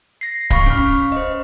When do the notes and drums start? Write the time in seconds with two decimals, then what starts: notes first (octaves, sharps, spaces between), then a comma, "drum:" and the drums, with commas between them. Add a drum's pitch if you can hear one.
0.21 A#6 C7
0.50 F5 B5 C#6, drum: kick D1
0.66 C#4 F6
1.12 C5 D#5